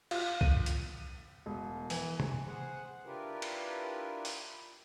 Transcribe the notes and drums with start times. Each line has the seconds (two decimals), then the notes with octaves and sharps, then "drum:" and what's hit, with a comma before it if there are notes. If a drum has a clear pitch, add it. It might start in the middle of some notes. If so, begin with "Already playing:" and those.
0.11 F4, drum: cymbal
0.41 D#7, drum: kick C2
0.66 drum: hi-hat
1.46 E1
1.90 E3, drum: open hi-hat
2.20 drum: tom
2.46 G#4 C5 F#5
3.04 D4 E4 F4 G4 A#4 B4
3.42 drum: cymbal
4.25 drum: open hi-hat